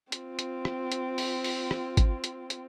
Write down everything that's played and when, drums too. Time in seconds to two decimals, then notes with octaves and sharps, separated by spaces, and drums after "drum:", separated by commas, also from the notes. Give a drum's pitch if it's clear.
0.12 C4 F4, drum: hi-hat
0.39 drum: hi-hat
0.65 drum: rim click
0.92 drum: hi-hat
1.18 drum: open hi-hat
1.44 drum: open hi-hat
1.71 drum: rim click
1.97 drum: kick G#1, hi-hat
2.24 drum: hi-hat
2.50 drum: hi-hat